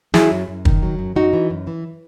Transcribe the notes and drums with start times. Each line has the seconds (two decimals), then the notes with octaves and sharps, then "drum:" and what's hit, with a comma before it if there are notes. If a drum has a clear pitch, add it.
0.14 F#3 E4 G#4, drum: snare
0.31 F#2
0.48 F#2
0.65 D#3, drum: kick
0.82 F#3
0.99 F#2
1.16 F#2 D#4 F#4
1.33 E3
1.50 F#2
1.67 E3